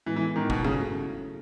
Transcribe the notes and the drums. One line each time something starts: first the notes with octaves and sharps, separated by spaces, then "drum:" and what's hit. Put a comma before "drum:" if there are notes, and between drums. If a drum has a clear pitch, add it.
A2 E3 G#3 B3
E3
A2 D#3 G#3 B3
B2, drum: kick
C#3 F#3 A3 C#4, drum: tom G2